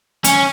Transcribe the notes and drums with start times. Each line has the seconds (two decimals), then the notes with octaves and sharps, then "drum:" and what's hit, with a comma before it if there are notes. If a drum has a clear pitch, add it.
0.24 C#4, drum: hi-hat